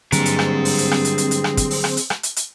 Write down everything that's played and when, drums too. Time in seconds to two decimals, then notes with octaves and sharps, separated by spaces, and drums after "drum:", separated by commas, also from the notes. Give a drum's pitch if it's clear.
0.12 G2 D3 F#3 A#3 C4 G#4 A#5, drum: hi-hat
0.25 drum: hi-hat
0.39 drum: rim click
0.65 drum: open hi-hat
0.78 drum: hi-hat
0.91 drum: rim click
1.05 drum: hi-hat
1.18 drum: hi-hat
1.31 drum: hi-hat
1.44 drum: rim click
1.57 drum: kick, hi-hat
1.71 drum: open hi-hat
1.84 drum: rim click
1.97 drum: hi-hat
2.10 drum: rim click
2.23 drum: hi-hat
2.36 drum: hi-hat